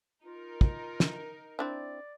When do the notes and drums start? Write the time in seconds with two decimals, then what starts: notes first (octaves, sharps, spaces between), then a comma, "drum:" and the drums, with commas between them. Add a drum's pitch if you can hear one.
0.24 D#4 F4 A#4
0.61 drum: kick
1.00 drum: snare
1.59 C4 D4 E4 D5